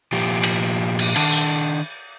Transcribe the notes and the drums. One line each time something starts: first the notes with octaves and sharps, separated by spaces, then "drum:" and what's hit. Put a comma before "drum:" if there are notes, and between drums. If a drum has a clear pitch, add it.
A#2 F3 G4
drum: cymbal
drum: cymbal
D#3 D4, drum: cymbal
drum: tambourine